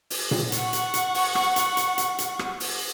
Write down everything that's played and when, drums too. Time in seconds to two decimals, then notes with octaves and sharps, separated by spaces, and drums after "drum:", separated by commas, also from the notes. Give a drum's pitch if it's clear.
0.10 drum: open hi-hat
0.31 drum: tom A#2
0.52 F#5 C#6, drum: hi-hat
0.73 drum: hi-hat
0.94 drum: hi-hat
1.14 drum: open hi-hat
1.35 drum: rim click
1.56 drum: hi-hat
1.77 drum: hi-hat
1.98 drum: hi-hat
2.18 drum: hi-hat
2.39 drum: rim click
2.60 drum: open hi-hat